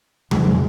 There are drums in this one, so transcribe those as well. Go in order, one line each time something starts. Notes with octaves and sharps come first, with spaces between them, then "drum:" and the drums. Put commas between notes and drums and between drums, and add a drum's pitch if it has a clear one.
F2 C#3 G#3, drum: tom
F#3
G#3